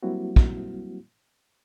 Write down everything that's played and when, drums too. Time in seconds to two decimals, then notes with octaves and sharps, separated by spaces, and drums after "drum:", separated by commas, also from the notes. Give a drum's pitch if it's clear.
0.03 F#3 G3 A#3 C4 E4 F#4
0.36 drum: kick